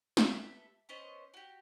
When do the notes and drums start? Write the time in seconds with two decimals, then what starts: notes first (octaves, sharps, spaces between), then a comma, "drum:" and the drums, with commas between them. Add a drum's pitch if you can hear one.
0.17 G4 A4 B4 E5, drum: snare
0.89 B3 C#4 C5 D#5
1.34 F#4 G4